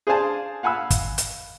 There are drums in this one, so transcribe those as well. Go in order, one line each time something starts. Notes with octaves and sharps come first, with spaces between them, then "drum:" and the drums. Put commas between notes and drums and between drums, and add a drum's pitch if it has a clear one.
G#4 C5 D5 F5 G#5 A5
F5 F#5 G#5 B5 E6
drum: kick, hi-hat
drum: hi-hat